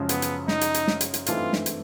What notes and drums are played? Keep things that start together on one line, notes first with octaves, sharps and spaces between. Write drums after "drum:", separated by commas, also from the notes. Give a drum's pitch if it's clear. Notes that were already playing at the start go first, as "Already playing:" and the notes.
Already playing: F#2 C#3 F3 G#3
B3, drum: hi-hat
drum: hi-hat
D#4, drum: snare
drum: hi-hat
drum: hi-hat
drum: snare
drum: hi-hat
drum: hi-hat
G2 E3 A3 C4 D#4 F4, drum: hi-hat
drum: snare
drum: hi-hat